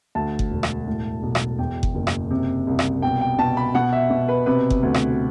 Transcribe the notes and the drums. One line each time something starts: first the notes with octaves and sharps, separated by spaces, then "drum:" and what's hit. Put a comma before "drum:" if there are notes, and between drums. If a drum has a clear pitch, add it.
D2 A5
drum: kick F#1
E1
drum: rim click
A2
B1
drum: rim click
E2 G5
drum: kick F#1
F#1
drum: rim click
C3
C2
drum: rim click
B2 G5
G5
B2 A5
B5
B2 F#5
E5
B2
B4
C3 B4
drum: kick F#1
D2
drum: rim click